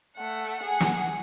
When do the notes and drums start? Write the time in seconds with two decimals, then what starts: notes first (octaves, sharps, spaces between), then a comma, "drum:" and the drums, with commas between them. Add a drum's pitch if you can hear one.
0.16 A3 F#5
0.60 G#4 F#5
0.80 drum: snare